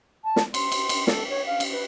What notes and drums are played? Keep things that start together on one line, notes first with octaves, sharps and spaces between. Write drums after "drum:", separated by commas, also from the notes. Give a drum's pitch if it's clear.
A5
drum: snare
C6, drum: cymbal
drum: cymbal
drum: cymbal
A4, drum: snare
C#5
F5
drum: cymbal
B4